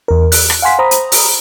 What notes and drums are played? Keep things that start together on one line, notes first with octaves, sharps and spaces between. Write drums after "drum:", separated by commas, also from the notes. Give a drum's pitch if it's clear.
E2 A#4
F#6, drum: open hi-hat
drum: rim click
F5 F#5 G#5 C6 B6
C5 A#5 B5 D#6
drum: hi-hat
drum: open hi-hat